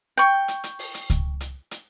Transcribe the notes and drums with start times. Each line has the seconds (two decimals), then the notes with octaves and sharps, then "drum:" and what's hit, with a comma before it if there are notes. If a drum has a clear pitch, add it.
0.17 G5 C#6
0.48 drum: hi-hat
0.64 drum: hi-hat
0.79 drum: open hi-hat
0.94 drum: hi-hat
1.10 drum: kick C#2, hi-hat
1.40 drum: hi-hat
1.71 drum: hi-hat